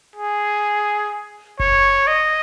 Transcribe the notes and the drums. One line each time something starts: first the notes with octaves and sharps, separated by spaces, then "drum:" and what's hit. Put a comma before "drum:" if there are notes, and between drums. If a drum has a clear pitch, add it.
G#4
C#5, drum: kick F#1
D#5